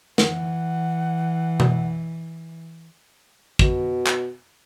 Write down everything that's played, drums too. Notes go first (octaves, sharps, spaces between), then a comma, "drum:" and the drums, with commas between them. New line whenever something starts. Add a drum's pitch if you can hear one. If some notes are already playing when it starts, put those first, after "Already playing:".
E3 F#5, drum: snare
drum: tom B2
B2, drum: kick
drum: clap